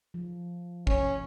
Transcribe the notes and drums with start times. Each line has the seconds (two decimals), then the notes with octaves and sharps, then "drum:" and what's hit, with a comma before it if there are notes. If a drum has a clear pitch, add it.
0.14 F3
0.87 C#4 C#5, drum: kick